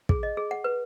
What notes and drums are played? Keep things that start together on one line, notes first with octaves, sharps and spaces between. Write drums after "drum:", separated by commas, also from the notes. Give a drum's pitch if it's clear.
G#4, drum: kick
D#5
G#4
F#5
B4